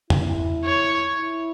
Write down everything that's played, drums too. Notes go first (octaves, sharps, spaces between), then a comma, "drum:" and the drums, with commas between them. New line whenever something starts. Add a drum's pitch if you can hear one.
E4, drum: tom F2
C#5
E4